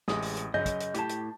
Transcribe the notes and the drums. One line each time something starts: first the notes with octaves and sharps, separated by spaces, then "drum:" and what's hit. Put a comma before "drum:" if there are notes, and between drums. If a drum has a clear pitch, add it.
A1 C3 G#3 D#6, drum: snare
drum: open hi-hat
drum: hi-hat
F#2 C#3 D#5 G6, drum: tom G2
drum: kick, hi-hat
drum: hi-hat
A2 G4 A5, drum: hi-hat
drum: hi-hat